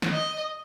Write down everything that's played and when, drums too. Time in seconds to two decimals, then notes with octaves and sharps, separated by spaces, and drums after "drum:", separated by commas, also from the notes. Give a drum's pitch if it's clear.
0.02 drum: snare
0.12 D#5